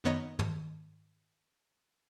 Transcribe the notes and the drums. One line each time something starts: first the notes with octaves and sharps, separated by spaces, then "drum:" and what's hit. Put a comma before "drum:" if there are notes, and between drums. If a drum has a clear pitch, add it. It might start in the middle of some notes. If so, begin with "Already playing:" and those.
F#2 D#3 B3 C#5 D#5 A#5
drum: tom